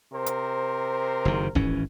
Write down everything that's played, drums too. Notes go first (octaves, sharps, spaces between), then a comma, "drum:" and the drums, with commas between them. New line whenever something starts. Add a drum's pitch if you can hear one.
C3 A#4 C5
drum: hi-hat
F#1 D#3
G#1 E3 C#4, drum: kick D#1